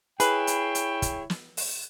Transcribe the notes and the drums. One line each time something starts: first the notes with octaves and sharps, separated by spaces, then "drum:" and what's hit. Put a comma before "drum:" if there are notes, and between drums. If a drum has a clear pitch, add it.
E4 G#4 B4 C#5 G5, drum: hi-hat
drum: hi-hat
drum: hi-hat
drum: kick, hi-hat
drum: snare
drum: open hi-hat